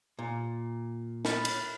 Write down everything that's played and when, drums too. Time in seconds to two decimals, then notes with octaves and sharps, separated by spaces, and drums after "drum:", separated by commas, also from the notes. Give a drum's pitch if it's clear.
0.19 A#2
1.25 B5 F6 A6, drum: snare
1.45 drum: cymbal